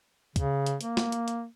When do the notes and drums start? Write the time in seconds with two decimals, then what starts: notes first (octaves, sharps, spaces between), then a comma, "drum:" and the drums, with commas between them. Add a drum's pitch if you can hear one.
0.36 C#3, drum: kick, hi-hat
0.67 drum: hi-hat
0.81 A#3, drum: hi-hat
0.97 drum: snare
1.12 drum: hi-hat
1.28 drum: hi-hat